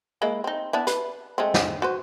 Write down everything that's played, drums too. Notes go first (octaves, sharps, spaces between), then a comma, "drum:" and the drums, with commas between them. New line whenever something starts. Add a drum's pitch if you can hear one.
G#3 A#3 E4
C4 D#4
B3 D4 E4
B4, drum: hi-hat
G#3 A3 C4
drum: snare
F#4 B4 C5